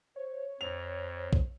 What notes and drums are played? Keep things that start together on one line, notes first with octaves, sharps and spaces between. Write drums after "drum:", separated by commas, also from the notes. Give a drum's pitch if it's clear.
C5 C#5
F2 C5 F7
drum: kick